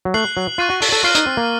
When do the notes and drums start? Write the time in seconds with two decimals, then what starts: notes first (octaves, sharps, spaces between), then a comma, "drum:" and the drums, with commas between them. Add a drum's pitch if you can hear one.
0.05 F#3
0.14 A3 F#6 C7 F#7
0.37 F#3
0.58 F4 C#6 F#6 A6 C7 D#7
0.70 F#4
0.82 A4, drum: open hi-hat
0.92 A4
1.04 F4 C#6 F6 C7
1.15 D#4, drum: hi-hat
1.27 C4
1.37 A#3